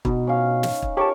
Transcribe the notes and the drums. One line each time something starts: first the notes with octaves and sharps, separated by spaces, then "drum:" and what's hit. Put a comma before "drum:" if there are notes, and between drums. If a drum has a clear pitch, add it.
B2 D#4, drum: kick
C#4 F5
drum: snare
drum: kick
G4 A#4 C#5 A5